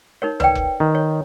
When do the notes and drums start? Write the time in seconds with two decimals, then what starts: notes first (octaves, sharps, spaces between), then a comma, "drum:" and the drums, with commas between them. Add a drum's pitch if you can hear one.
0.22 D#4 A#4 C#5
0.40 B4 D5 G5, drum: tom C#2
0.55 drum: kick F1
0.80 D#3
0.95 C#5